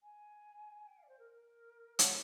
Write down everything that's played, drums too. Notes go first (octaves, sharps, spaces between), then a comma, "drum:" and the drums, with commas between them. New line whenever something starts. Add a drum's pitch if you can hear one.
G#5
G5
F5
D5
C5
A#4
A#4
drum: hi-hat